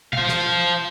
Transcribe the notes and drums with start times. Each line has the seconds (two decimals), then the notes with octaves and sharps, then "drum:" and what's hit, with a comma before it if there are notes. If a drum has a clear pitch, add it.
0.13 C5 F5, drum: tom B2
0.29 drum: snare